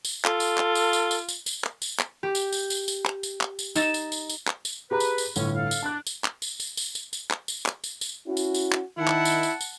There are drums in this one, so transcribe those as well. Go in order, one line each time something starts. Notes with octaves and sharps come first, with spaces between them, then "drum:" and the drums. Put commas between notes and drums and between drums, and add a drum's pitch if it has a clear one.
drum: tambourine
F4 A4, drum: clap
drum: tambourine
drum: clap
drum: tambourine
drum: tambourine
drum: tambourine
drum: tambourine
drum: tambourine
drum: clap
drum: tambourine
drum: clap
G4
drum: tambourine
drum: tambourine
drum: tambourine
drum: tambourine
drum: clap
drum: tambourine
drum: clap
drum: tambourine
D#4 E6 A6 E7, drum: tambourine
drum: tambourine
drum: tambourine
drum: tambourine
drum: clap
drum: tambourine
G4 G#4 B4 A#5
drum: tambourine
drum: tambourine
G1 A2 D3 C#4, drum: tambourine
A4 F5
drum: tambourine
D4 A5 F#6
drum: tambourine
drum: clap
drum: tambourine
drum: tambourine
drum: tambourine
drum: tambourine
drum: tambourine
drum: clap
drum: tambourine
drum: clap
drum: tambourine
drum: tambourine
C#4 E4 F#4
drum: tambourine
drum: tambourine
drum: clap
D#3 E4 F#5 A5
drum: clap
drum: tambourine
drum: tambourine
drum: tambourine